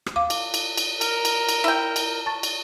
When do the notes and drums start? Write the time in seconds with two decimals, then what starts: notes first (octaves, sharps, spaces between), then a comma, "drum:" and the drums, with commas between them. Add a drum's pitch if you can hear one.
0.06 drum: rim click
0.16 F5 D6
0.30 drum: cymbal
0.54 drum: cymbal
0.77 drum: cymbal
1.01 A#4, drum: cymbal
1.25 drum: cymbal
1.49 drum: cymbal
1.64 E4 G5
1.96 drum: cymbal
2.26 A5 C#6 A6
2.43 drum: cymbal